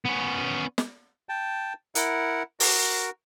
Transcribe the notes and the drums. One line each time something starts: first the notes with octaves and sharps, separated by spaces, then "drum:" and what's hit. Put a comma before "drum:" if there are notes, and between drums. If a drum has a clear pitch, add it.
B3 C#4
drum: snare
G5 A5
E4 A#4 F#5, drum: hi-hat
F#4 A#4, drum: open hi-hat